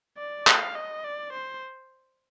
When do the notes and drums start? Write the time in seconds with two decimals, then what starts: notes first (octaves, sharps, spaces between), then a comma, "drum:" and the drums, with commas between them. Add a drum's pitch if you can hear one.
0.18 D5
0.47 F5, drum: clap
0.75 D#5
1.04 D5
1.33 C5